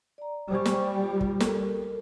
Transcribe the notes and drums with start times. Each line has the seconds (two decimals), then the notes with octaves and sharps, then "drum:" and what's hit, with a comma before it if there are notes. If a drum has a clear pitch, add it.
0.18 D5 A#5
0.50 G3 C5 G#5 C#6
0.66 drum: snare
1.02 F4
1.21 drum: kick
1.40 A4 A#4, drum: snare